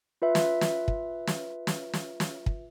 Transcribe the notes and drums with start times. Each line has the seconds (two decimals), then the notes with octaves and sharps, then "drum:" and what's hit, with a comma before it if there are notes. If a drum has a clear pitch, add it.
0.22 F4 B4 E5
0.35 drum: snare
0.61 drum: snare
0.88 drum: kick
1.27 drum: snare
1.67 drum: snare
1.93 drum: snare
2.20 drum: snare
2.46 drum: kick